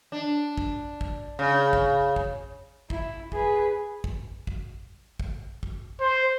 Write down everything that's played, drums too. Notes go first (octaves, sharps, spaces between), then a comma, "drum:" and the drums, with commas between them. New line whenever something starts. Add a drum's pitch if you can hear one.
D4
drum: kick
drum: kick
C#3
drum: kick
drum: kick
E4, drum: kick
G#4 B4, drum: kick
drum: kick
drum: kick
drum: kick
drum: kick
C5